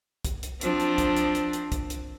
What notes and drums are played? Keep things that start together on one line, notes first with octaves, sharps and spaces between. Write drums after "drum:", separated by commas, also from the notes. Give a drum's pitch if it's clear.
drum: kick, hi-hat
drum: hi-hat
F3 C4 D4, drum: hi-hat
drum: hi-hat
drum: kick, hi-hat
drum: hi-hat
drum: hi-hat
drum: hi-hat
drum: kick, hi-hat
drum: hi-hat